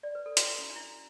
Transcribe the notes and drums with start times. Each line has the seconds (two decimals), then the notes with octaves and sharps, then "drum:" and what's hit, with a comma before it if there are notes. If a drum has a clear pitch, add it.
0.03 D5
0.15 B4
0.26 A4
0.37 F#4, drum: hi-hat
0.47 E4
0.59 C#4
0.70 D4
0.76 E4
0.80 D4